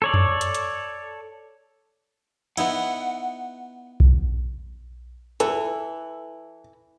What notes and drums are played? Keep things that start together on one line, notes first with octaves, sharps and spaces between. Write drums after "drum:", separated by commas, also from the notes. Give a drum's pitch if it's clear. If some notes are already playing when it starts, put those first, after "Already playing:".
A4 C#5 D5
drum: tom F2
drum: hi-hat
drum: hi-hat
B3 D#4 E4 F#5, drum: cymbal
drum: kick B1
E3 A4, drum: hi-hat